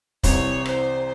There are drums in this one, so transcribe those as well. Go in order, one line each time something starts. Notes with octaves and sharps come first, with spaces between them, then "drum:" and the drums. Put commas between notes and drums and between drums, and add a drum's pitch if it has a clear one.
C2 C3 E3 C4 C#5, drum: kick, hi-hat
C5, drum: rim click